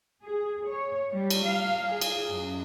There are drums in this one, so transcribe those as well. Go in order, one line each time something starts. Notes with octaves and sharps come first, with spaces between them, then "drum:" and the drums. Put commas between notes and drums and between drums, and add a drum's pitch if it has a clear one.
G#4
C#5
G3
drum: cymbal
F5
G#4
drum: cymbal
F#2